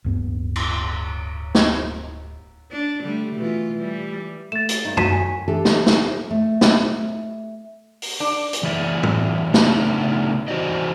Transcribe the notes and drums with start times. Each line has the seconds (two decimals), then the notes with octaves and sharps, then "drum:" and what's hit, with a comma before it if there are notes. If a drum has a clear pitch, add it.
0.04 D1 G2 B3
0.56 drum: cymbal
1.55 drum: snare
2.71 D4
3.02 D3 G3 A3
3.36 B2 E3 F4
3.74 E3 G3
4.52 A3 A6 E7
4.69 drum: hi-hat
4.85 G2 D#4
4.97 D#3 C#4 F#4 B6 D#7 E7, drum: tom
5.13 G#5
5.48 E3 D4 G4 A4 A5
5.65 drum: snare
5.86 drum: snare
6.30 A3
6.61 drum: snare
8.02 drum: open hi-hat
8.20 D4
8.53 drum: hi-hat
8.63 E3 G#3 E4 D5
9.03 drum: tom
9.54 C#3 A3 B3 D4 D#4 F4, drum: snare
10.48 E3 E4 F#4 C5 D5 D#5